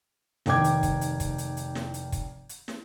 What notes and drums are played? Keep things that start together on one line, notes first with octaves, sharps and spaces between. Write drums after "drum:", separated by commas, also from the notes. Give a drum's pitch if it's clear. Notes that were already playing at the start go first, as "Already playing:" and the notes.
F1 D#3 G5 D6 G#6, drum: snare
drum: hi-hat
drum: kick, hi-hat
drum: hi-hat
drum: kick, hi-hat
drum: hi-hat
drum: hi-hat
drum: snare
drum: hi-hat
drum: kick, hi-hat
drum: hi-hat
drum: snare